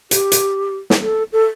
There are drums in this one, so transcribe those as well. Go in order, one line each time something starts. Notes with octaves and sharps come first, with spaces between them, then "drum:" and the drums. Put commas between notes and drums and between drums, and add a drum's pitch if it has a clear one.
G4, drum: hi-hat
drum: hi-hat
drum: snare
A4
A4